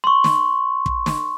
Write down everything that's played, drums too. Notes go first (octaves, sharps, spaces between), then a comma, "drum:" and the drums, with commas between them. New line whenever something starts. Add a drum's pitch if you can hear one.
C6 C#6
drum: snare
drum: kick
drum: snare